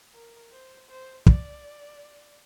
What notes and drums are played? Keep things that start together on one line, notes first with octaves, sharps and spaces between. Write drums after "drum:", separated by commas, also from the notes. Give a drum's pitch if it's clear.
A#4
C5
C5
D5, drum: kick